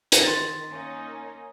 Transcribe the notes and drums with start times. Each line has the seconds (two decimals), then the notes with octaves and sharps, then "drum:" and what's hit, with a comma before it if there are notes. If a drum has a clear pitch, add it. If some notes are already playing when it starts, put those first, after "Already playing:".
0.12 drum: hi-hat
0.23 D#3 C6 A6
0.70 A#3 C#4 D#4